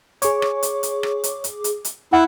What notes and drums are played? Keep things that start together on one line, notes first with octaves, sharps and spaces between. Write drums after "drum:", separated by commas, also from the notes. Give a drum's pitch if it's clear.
G#4 C#5 C#6 D6, drum: hi-hat
drum: rim click
drum: hi-hat
drum: hi-hat
drum: rim click
drum: hi-hat
drum: hi-hat
drum: hi-hat
drum: hi-hat
E4 F#5